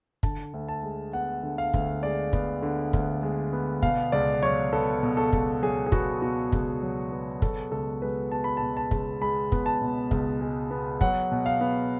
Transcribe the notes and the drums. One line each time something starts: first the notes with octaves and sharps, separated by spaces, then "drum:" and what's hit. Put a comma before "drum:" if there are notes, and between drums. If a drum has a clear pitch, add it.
D3 A5, drum: kick F#1
D2
A5
G#3
B3 F#5
D3
F5
D2, drum: kick F#1
G#3 D5
B3, drum: kick F#1
D3
D2, drum: kick F#1
G#3
B3
B2 F5, drum: kick F#1
C#2 D5
F#3 C#5
B3 A4
B2
A4
C#2, drum: kick F#1
F#3 G#4
G#4
B3 F#4, drum: kick F#1
B2 F#4
C#2, drum: kick F#1
F#3
B3
B2 A4, drum: kick F#1
C#2 A4
G#3 B4
B3 A5
B5
B2 A5
A5
C#2, drum: kick F#1
G#3 B5
B3, drum: kick F#1
A5
B2
C#2, drum: kick F#1
G#3
B3
F#3 F#5, drum: kick F#1
B2
F5
B3